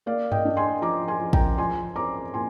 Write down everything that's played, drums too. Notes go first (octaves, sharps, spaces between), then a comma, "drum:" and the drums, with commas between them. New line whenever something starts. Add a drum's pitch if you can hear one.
A#3 D5 F5
D#5 G5, drum: tom G2
D4
G#5 C6
F3 A#5 D6
G#5 C6
F3
G5 A#5, drum: kick
F3 G#5 C6
C4 A#5 D6
A#2 G#5 C6